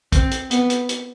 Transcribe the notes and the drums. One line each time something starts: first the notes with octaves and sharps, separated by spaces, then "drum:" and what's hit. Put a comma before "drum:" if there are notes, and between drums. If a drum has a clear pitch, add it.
C4, drum: kick, hi-hat
drum: hi-hat
B3, drum: hi-hat
drum: hi-hat
drum: hi-hat